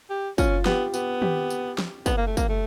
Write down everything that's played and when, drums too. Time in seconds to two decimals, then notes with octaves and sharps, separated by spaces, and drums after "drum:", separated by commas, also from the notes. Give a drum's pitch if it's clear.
0.10 G4
0.38 C#4 F4, drum: kick, tambourine
0.66 B3 G4, drum: snare
0.94 B3 G4, drum: tambourine
1.22 G4, drum: tom D#3
1.50 drum: tambourine
1.78 drum: snare
2.06 B3, drum: kick, tambourine
2.17 A#3
2.27 A3
2.37 A#3, drum: kick, tambourine
2.49 A3